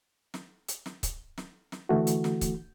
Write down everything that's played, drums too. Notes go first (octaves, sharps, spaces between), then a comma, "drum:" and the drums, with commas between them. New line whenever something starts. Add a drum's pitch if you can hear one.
drum: snare
drum: hi-hat
drum: snare
drum: kick C#1, hi-hat
drum: snare
drum: snare
D3 E3 A3 F#4
drum: hi-hat
drum: snare
drum: kick C#1, hi-hat